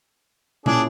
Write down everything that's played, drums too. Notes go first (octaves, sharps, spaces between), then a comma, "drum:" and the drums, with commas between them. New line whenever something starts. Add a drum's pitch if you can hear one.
A#2 C#4 D4 E4 G#4 D5, drum: tom